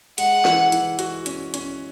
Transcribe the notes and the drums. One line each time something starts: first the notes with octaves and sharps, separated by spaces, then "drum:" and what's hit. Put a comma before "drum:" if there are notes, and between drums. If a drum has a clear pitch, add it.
G#3 F#5, drum: hi-hat
E3, drum: snare
E3, drum: hi-hat
F#4, drum: hi-hat
C#4, drum: hi-hat
C#4, drum: hi-hat